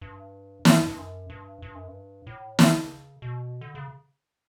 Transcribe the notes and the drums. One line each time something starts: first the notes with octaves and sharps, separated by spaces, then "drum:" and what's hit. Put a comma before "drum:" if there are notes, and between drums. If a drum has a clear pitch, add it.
G2
G2, drum: snare
G2
F#2
G2
G2
F#2
G2
A2
C#3, drum: snare
B2
D3
C#3